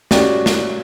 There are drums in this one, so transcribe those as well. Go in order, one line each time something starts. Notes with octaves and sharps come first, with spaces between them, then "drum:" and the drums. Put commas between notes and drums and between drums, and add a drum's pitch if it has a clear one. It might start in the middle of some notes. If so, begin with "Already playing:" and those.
C#4 F#4 G4 D5, drum: snare
drum: snare